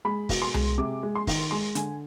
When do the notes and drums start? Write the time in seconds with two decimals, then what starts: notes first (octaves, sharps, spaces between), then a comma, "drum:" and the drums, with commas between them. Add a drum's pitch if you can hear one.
0.05 G#3 B5
0.29 B2, drum: kick, open hi-hat
0.42 C6
0.54 G#3, drum: tom C2
0.78 C3 D6
1.03 G#3
1.15 C6
1.27 D#3, drum: kick, open hi-hat
1.51 G#3 C6
1.75 D3 G#5, drum: hi-hat